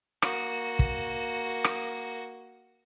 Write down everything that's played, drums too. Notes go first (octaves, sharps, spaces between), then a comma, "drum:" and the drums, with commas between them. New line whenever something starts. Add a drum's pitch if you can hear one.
A#3 F#4, drum: rim click
drum: kick
drum: rim click